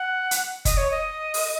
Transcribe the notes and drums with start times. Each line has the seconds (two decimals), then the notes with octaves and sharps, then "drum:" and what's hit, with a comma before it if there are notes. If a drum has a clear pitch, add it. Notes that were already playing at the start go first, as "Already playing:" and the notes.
Already playing: F#5
0.31 drum: hi-hat
0.65 D#5, drum: kick F#1, hi-hat
0.77 C#5
0.91 D#5
1.34 drum: open hi-hat